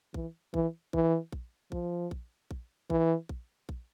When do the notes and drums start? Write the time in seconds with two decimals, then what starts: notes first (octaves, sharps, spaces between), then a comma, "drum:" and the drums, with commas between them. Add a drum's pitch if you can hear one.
0.14 E3, drum: kick A#1
0.54 E3, drum: kick A#1
0.93 E3, drum: kick A#1
1.32 drum: kick A#1
1.72 F3, drum: kick A#1
2.11 drum: kick A#1
2.51 drum: kick A#1
2.90 E3, drum: kick A#1
3.29 drum: kick A#1
3.69 drum: kick A#1